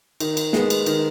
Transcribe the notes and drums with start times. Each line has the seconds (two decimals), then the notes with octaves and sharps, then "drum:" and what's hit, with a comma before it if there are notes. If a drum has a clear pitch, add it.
0.20 D#3, drum: cymbal
0.37 drum: cymbal
0.53 G#3 B3, drum: snare
0.70 drum: cymbal
0.86 D#3, drum: cymbal